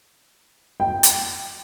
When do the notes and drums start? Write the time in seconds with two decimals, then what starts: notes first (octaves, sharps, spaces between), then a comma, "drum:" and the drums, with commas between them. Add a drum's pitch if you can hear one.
0.80 G5
1.03 drum: hi-hat